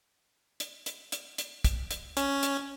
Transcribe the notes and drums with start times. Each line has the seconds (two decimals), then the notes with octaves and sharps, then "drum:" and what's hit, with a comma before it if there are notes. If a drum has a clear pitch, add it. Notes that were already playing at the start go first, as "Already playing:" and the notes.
0.60 drum: hi-hat
0.86 drum: hi-hat
1.12 drum: hi-hat
1.38 drum: hi-hat
1.64 drum: kick, hi-hat
1.91 drum: hi-hat
2.17 C#4, drum: hi-hat
2.43 drum: hi-hat